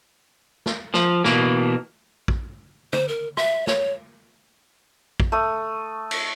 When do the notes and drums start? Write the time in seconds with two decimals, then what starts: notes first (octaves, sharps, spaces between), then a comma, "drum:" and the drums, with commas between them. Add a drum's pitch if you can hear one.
0.66 drum: snare
0.94 F3, drum: snare
1.24 B2 E3 A#3, drum: snare
2.28 drum: kick
2.93 C5, drum: tom
3.08 A#4
3.37 E5, drum: rim click
3.67 C#5, drum: snare
5.20 drum: kick
5.32 A3 D#6
6.11 drum: cymbal